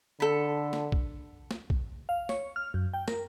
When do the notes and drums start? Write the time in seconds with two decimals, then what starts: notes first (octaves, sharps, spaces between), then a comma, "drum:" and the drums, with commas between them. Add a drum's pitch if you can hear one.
0.20 D3 A4 B5
0.73 drum: snare
0.92 drum: kick B1
1.51 drum: snare
1.70 drum: kick B1
2.09 F5
2.29 C#5, drum: snare
2.56 F6
2.74 F#2
2.94 G5
3.08 A#4, drum: snare